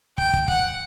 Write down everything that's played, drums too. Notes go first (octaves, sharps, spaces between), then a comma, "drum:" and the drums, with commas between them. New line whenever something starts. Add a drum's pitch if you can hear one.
G5, drum: kick
drum: kick
F#5, drum: kick